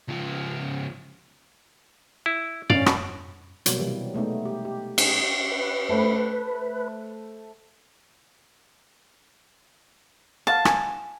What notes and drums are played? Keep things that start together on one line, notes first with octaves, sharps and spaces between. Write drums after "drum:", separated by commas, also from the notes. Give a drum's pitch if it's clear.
C#2 F3
E4
C#4 D5 F5, drum: tom
B2, drum: rim click
B2 F#3 G3 A#3, drum: hi-hat
C3 E3 F#3 G3
G#3 A3 B3 D#4
G4
G4
D#4 G#4, drum: cymbal
B4
A3 C5
F5 F#5 A5
G#5, drum: rim click